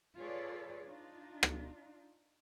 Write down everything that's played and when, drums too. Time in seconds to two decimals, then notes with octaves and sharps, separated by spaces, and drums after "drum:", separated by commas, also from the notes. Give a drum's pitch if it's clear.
0.16 F4 G#4 A4 B4 C#5 D5
0.85 D4 D#4 F4
1.43 drum: rim click